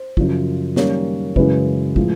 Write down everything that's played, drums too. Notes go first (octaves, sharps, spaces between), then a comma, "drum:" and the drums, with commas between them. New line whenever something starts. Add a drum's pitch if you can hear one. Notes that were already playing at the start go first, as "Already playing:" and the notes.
Already playing: C5
F#2 C#3 F3, drum: kick
F#2 D#3 G3 A#3 C#4 C#5, drum: snare
F#2 C#3 E3 G#3 C#4 B4, drum: kick
A2 F3 G#3, drum: kick